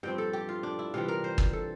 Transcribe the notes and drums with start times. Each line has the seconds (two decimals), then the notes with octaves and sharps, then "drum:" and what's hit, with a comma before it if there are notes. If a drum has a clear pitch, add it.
0.03 G2 F3 C4 G5
0.18 A4
0.33 G4
0.49 F4
0.63 D4
0.79 E4
0.94 C3 E3 G3 F4
1.08 A#4
1.24 C5
1.38 drum: kick
1.53 A4